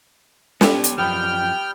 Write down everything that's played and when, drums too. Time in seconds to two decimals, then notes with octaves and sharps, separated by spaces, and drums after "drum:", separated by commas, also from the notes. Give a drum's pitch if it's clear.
0.61 G3 B3 C#5, drum: snare
0.84 drum: hi-hat
0.98 F#2 F3 B3 G5 B5 F6